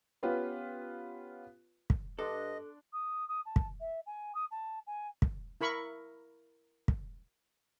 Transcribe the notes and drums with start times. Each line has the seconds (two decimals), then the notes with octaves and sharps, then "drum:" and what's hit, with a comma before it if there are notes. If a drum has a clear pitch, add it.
0.23 B3 C#4 F4 G4 B4
1.90 drum: kick
2.19 G2 D4 A4 D#5 C6
2.93 D#6
3.28 D#6
3.45 A5
3.56 drum: kick
3.80 E5
4.06 G#5
4.35 D#6
4.51 A5
4.87 G#5
5.22 drum: kick
5.61 E4 A#4 B5 C#6
6.88 drum: kick